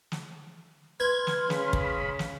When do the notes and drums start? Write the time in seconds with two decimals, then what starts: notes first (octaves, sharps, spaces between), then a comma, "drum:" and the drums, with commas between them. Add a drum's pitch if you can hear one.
0.12 drum: snare
1.00 B4 C6 F6 G#6
1.27 drum: snare
1.50 C#3 B5, drum: snare
1.73 drum: kick
2.19 drum: snare